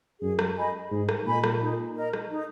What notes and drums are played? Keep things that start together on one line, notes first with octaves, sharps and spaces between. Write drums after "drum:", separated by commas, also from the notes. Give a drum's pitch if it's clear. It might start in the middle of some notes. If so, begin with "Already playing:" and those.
F#2 G#4
drum: rim click
D#5 G#5 B5
G#2 G#4
drum: rim click
A#2 D#5 G#5 B5
drum: rim click
D#4
A#4 D#5 A#5
drum: rim click
D#4